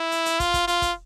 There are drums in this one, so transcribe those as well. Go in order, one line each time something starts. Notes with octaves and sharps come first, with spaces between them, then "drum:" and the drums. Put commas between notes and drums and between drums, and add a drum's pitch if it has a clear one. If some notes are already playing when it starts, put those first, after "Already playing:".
Already playing: E4
drum: hi-hat
drum: hi-hat
F4, drum: kick, hi-hat
drum: kick, hi-hat
F4, drum: hi-hat
drum: kick, hi-hat